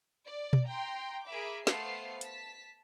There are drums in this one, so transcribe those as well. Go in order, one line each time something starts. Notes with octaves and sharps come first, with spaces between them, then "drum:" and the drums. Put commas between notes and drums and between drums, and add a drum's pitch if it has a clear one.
D5
drum: tom B2
G5 A#5 C6
G#4 A#4 E5 B5 D6
A3 B3 C5 F5 A5 C7, drum: snare
A5 B6, drum: hi-hat